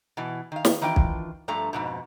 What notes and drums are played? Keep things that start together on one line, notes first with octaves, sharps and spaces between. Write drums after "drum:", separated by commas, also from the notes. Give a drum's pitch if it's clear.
B2 E3
D#3 F5
drum: snare
D#3 E3 D4 F4 G5
drum: kick B1
G2 F3 A3 A#5
F2 G#2 B2